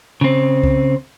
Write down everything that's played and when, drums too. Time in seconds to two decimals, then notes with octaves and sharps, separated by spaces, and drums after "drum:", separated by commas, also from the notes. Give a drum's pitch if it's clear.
0.21 C#3 C4
0.63 drum: kick C2